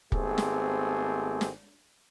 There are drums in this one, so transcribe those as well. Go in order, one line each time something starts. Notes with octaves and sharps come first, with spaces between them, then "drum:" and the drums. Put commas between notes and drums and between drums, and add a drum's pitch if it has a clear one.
G#1 A3 B3 C4 G4 G#4, drum: kick
drum: snare
drum: snare